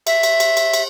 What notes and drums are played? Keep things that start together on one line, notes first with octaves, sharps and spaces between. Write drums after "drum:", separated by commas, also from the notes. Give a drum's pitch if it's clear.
E5, drum: cymbal
drum: cymbal
drum: cymbal
drum: cymbal
drum: cymbal